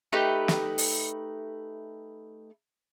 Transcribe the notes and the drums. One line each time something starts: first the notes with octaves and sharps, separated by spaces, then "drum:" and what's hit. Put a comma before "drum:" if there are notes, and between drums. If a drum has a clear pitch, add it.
A3 D#4 G4 B4
drum: snare
drum: open hi-hat